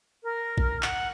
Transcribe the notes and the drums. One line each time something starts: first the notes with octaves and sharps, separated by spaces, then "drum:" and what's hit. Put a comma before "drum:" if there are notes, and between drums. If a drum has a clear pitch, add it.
A#4
drum: kick
F#5, drum: clap